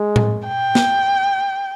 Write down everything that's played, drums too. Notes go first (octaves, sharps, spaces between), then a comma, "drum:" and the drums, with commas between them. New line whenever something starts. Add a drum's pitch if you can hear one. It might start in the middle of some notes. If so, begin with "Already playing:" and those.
Already playing: G#3
drum: tom A2
G5
drum: snare